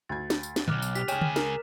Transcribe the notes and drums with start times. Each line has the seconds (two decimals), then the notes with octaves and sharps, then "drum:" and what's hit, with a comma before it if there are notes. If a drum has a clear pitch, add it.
0.09 D2 G#6 A6
0.30 drum: snare
0.43 drum: tambourine
0.56 drum: snare
0.68 B1 G#2 D6 F6 F#6, drum: tom D3
0.82 drum: tambourine
0.95 G4 B6 F7, drum: tambourine
1.08 C#2 G#4 C#5 G5 F6 E7, drum: tambourine
1.21 drum: tom D3
1.36 A#4, drum: snare